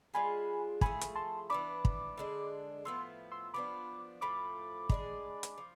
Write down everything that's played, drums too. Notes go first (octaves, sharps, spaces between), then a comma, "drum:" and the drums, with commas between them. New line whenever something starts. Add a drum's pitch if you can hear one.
G#3 D4 F4 G#4 G#5 B5
F3 A3 E4 G#4 G#5 B5, drum: kick
drum: hi-hat
A5 C6
E3 B3 D4 B5 D6
drum: kick
D3 G#3 D4
A2 F3 B3 E4 C6 E6
C6 E6
F3 B3 D4 B5 D6
A2 F3 A3 B5 D6
G#3 D4 F4 G#4, drum: kick
drum: hi-hat
F3